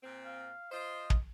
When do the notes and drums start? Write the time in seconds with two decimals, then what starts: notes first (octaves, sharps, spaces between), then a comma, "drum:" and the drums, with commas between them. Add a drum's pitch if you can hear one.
0.03 A#2 C4
0.25 F5
0.72 F4 C5 D#5
1.10 drum: kick